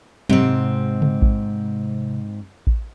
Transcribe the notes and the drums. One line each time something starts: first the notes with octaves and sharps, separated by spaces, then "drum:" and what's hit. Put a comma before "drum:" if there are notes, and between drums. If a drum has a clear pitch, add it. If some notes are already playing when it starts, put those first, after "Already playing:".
G#2 C3 C4, drum: tom F#3
drum: tom C#3
drum: kick A1
drum: kick A1